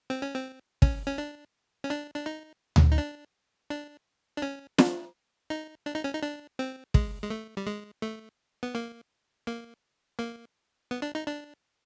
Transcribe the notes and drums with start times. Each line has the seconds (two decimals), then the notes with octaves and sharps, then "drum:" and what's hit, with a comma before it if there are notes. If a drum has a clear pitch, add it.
0.10 C4
0.22 C#4
0.35 C4
0.82 C#4, drum: kick
1.07 C#4
1.18 D4
1.84 C#4
1.90 D4
2.15 D4
2.26 D#4
2.76 drum: tom D2
2.92 D#4
2.98 D4
3.70 D4
4.37 D4
4.42 C#4
4.78 D4, drum: snare
5.50 D#4
5.86 D4
5.95 D#4
6.04 C#4
6.13 D#4
6.23 D4
6.59 C4
6.94 G#3, drum: kick
7.23 G#3
7.30 A3
7.57 G3
7.67 G#3
8.02 A3
8.63 B3
8.75 A#3
9.47 A#3
10.19 A#3
10.91 B3
11.02 D4
11.15 D#4
11.27 D4